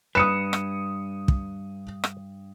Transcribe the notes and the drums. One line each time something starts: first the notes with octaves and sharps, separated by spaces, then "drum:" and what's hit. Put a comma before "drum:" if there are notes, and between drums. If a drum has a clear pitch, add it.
G2 B4 D#6 C#7 E7
drum: rim click
drum: kick
drum: rim click